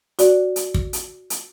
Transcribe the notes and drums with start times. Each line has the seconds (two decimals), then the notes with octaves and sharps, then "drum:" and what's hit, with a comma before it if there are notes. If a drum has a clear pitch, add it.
0.19 F#4 D5, drum: hi-hat
0.56 drum: hi-hat
0.74 drum: kick
0.93 drum: hi-hat
1.30 drum: hi-hat